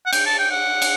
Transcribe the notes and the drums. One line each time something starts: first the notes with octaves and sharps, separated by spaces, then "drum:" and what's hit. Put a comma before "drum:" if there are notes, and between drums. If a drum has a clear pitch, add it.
F#5
G5, drum: cymbal
A5
G5
F#5
drum: cymbal